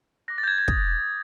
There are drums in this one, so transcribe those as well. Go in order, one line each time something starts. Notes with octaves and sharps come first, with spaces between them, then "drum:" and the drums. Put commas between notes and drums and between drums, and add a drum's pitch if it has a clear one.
D6 F#6 A#6
A6
G6
G#6
G#6
D#6 G6, drum: kick